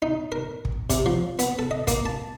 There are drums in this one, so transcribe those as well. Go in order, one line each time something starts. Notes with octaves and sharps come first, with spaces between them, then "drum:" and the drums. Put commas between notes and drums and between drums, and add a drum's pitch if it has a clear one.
D#4
A#4
drum: kick
C3, drum: kick, hi-hat
F3
B3, drum: hi-hat
A4
D#5
A#3, drum: kick, hi-hat
A5